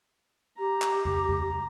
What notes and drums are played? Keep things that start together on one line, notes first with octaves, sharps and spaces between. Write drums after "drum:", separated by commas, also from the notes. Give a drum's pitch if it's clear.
G4 A#5
drum: clap
drum: tom F2
drum: tom F2